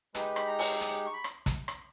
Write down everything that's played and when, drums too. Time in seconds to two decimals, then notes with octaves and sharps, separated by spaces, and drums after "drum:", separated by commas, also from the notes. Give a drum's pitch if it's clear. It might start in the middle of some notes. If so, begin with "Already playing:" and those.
0.15 G#3 D#4 G4 B4, drum: hi-hat
0.36 B5, drum: rim click
0.47 A#5
0.59 drum: open hi-hat
0.81 drum: hi-hat
1.06 C#6
1.14 B5
1.24 drum: rim click
1.46 drum: kick, hi-hat
1.68 drum: rim click